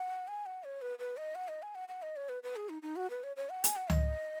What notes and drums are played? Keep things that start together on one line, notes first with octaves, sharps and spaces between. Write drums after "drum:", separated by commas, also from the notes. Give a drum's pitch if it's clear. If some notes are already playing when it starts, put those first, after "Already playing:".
Already playing: F#5
G#5
F#5
C#5
B4
B4
D#5
F#5
D#5
G#5
F#5
F#5
D#5
C#5
B4
B4
G#4
D#4
D#4
F#4
B4
C#5
C#5
F#5
G#5, drum: hi-hat
F#5
D#5, drum: tom C#2